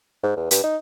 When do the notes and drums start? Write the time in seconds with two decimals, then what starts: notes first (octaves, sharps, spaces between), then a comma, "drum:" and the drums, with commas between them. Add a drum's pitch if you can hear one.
0.23 G#2
0.36 E2
0.51 G2, drum: hi-hat
0.64 D#4